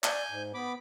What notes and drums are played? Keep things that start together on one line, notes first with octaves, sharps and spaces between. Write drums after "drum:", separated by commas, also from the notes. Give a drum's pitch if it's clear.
D5 G#5 G6, drum: clap
G#2
B3 B5 D6